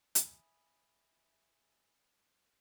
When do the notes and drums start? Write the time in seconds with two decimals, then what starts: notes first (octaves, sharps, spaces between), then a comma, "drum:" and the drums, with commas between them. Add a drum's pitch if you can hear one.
0.15 E5 G#5 B5 D#6, drum: hi-hat